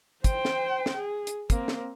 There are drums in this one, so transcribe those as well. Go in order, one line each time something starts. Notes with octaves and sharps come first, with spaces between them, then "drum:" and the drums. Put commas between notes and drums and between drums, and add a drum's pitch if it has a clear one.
C5 G5, drum: kick, hi-hat
drum: snare
drum: snare
G#4
drum: hi-hat
A#3 C4, drum: kick, hi-hat
drum: snare